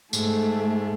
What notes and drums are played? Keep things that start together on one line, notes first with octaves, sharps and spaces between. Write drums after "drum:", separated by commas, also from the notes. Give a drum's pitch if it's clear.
G#2 A3, drum: tambourine